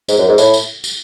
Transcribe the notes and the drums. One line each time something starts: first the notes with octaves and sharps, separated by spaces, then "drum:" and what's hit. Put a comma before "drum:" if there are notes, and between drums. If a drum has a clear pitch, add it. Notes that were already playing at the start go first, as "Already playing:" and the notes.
G#2, drum: tambourine
F#2
G#2
A2, drum: tambourine
drum: tambourine
drum: tambourine